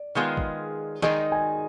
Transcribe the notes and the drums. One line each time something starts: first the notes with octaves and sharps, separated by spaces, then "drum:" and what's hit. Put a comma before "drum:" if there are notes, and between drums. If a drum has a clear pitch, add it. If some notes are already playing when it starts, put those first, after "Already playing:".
Already playing: D5
D#3 G#3 B3 F4 G#4
drum: kick
D#3 G#3 D#4 G#4 D#5, drum: snare
G#5